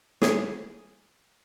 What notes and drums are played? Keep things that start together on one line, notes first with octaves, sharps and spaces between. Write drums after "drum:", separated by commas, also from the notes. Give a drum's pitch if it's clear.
G#4, drum: snare